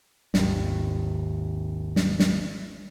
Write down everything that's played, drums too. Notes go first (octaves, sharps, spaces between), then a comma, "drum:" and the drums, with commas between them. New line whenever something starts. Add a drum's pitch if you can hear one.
G#1 D#2, drum: snare
drum: snare
drum: snare